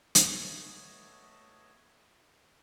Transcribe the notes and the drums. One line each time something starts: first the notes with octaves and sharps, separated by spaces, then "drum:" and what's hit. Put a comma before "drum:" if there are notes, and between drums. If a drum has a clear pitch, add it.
A3 B3 C#5 D#5 E5 A5, drum: hi-hat